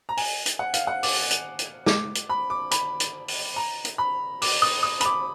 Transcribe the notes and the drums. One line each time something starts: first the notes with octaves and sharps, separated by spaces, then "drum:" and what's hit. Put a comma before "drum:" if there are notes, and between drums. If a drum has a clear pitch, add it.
A#5
G#5, drum: open hi-hat
drum: hi-hat
F#5
F5, drum: hi-hat
F#5
D6, drum: open hi-hat
drum: hi-hat
drum: hi-hat
D6, drum: snare
drum: hi-hat
B5
D6
B5, drum: hi-hat
drum: hi-hat
drum: open hi-hat
A#5
drum: hi-hat
B5
D6, drum: open hi-hat
D#6
D#6
B5, drum: hi-hat
D6